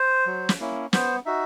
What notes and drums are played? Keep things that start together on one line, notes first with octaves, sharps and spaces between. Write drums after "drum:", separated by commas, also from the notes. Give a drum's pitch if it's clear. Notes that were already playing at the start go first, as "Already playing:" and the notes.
Already playing: C5
F#3
drum: snare
A#3 C#4 E4
B3 C5, drum: snare
D#4 F#4 E5